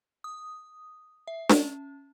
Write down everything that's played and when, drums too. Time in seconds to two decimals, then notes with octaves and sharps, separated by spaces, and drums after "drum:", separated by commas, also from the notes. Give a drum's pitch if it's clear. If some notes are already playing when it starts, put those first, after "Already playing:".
0.24 D#6
1.27 E5
1.49 C#4, drum: snare D4